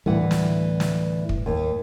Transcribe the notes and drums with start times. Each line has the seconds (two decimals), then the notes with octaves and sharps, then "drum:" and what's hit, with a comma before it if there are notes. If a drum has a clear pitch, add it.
0.06 D2 A2 E3 G3 F#5
0.31 drum: snare
0.80 drum: snare
1.29 drum: kick
1.46 D#2